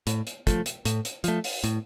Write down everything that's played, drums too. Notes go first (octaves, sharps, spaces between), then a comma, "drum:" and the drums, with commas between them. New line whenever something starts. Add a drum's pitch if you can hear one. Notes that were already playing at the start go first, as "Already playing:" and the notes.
A2, drum: hi-hat
drum: hi-hat
F3 A3, drum: kick, hi-hat
drum: hi-hat
A2, drum: hi-hat
drum: hi-hat
F3 A3, drum: hi-hat
drum: open hi-hat
A2, drum: hi-hat